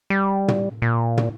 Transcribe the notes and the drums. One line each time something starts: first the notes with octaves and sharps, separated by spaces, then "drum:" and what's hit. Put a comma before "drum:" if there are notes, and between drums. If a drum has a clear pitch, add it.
G3
drum: tom
A#2
drum: tom